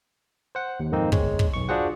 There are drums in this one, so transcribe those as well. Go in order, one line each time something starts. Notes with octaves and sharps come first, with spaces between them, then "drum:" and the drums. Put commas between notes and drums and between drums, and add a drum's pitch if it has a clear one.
C5 F#5
D#2
F2 G#2 D#3 A#3 C4 D#4
G1 G#3 C#5, drum: kick
drum: kick
B1 C#6
D4 F4 F#4 G#4 C5 F#5